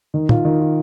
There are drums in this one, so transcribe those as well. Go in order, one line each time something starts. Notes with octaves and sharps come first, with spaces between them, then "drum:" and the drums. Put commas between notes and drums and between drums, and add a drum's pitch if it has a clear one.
D#3
F4, drum: tom
D#3
F4